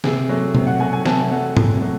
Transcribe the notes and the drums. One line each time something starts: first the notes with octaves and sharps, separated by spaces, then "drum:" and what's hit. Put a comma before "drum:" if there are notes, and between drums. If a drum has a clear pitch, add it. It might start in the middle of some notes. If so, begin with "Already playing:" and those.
C3 G#4, drum: snare
F#3 A3
C3, drum: tom
F#5
F#3 A3 G#5
G#5
C3 A5, drum: snare
F#3 A3 F#5
C3, drum: tom G#2
F#3 A3